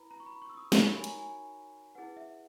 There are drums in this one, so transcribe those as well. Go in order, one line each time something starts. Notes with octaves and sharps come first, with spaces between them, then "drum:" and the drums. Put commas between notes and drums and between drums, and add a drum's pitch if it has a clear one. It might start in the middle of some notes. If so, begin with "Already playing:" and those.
Already playing: E4 B4 A#5 B5
A#5
C#6
B5
C#6
E6
D#6
D#4 F#4 A#4 C#5 C#6, drum: snare
B5
G#5
A#5, drum: hi-hat
G#5
E4 G#4 B4 F#5
E5